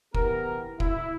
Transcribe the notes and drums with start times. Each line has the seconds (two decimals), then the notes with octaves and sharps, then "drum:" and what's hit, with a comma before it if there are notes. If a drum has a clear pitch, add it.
0.15 E3 B3 G4 A#4, drum: kick
0.80 E4, drum: kick